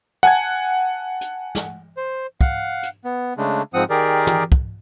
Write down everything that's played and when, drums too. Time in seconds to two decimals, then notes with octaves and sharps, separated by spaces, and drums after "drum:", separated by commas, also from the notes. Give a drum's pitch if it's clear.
0.23 F#5 G#5 A5 F#6 G#6
1.21 drum: hi-hat
1.55 drum: snare
1.97 C5
2.41 F5 F#5, drum: kick
2.83 drum: hi-hat
3.05 B3
3.38 C#3 G#3 A3 D4
3.74 G#2 F3 C4 F#5 D#6
3.90 D#3 G4 G#4 A#4 D5
4.27 drum: tom
4.52 drum: kick